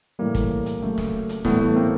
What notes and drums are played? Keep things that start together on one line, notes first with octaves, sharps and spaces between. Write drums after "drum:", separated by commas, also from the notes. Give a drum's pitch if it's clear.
A2 E3 G3 A#3
drum: kick, hi-hat
drum: hi-hat
C#3 F#3 A3
drum: snare
drum: hi-hat
A2 E3 G3 A3 B3, drum: snare
A3 B3
A#3 C4